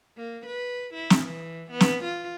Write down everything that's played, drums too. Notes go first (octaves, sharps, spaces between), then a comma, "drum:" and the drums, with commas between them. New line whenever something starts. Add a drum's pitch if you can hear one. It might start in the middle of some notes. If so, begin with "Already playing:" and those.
A#3
B4
E4
drum: snare
E3
B3
drum: snare
F4